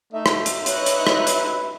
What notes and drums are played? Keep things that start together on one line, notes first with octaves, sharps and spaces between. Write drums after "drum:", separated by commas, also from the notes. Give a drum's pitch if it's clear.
A3 D#4 E5
drum: rim click
drum: hi-hat
B4 C#5 D#5 F#6, drum: hi-hat
drum: hi-hat
drum: rim click
drum: hi-hat